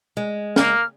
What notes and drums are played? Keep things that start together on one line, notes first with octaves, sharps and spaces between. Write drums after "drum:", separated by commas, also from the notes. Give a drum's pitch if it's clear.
G#3
A#3 F6, drum: snare